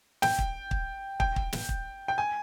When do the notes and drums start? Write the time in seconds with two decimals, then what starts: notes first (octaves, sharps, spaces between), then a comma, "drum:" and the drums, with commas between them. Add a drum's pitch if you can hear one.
0.22 G5, drum: snare
0.38 drum: kick
0.71 drum: kick
1.20 G5, drum: kick
1.36 drum: kick
1.53 drum: snare
1.69 drum: kick
2.08 G5
2.18 G#5